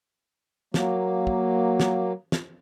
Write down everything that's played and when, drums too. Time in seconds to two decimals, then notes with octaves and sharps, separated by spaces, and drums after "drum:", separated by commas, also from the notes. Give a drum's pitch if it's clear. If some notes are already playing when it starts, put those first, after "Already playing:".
0.74 F#3 A#3, drum: snare
1.27 drum: kick
1.80 drum: snare
2.32 drum: snare